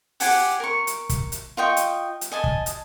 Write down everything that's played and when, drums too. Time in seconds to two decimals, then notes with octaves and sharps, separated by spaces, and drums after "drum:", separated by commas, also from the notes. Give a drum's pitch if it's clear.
0.20 G4 F#5 G#5 D6, drum: open hi-hat
0.60 A#4 C#6
0.87 drum: hi-hat
1.09 drum: kick, hi-hat
1.32 drum: hi-hat
1.57 F4 D#5 G5 C#6
1.77 drum: hi-hat
2.21 drum: hi-hat
2.32 D#5 G#5 A5
2.44 drum: kick
2.66 drum: hi-hat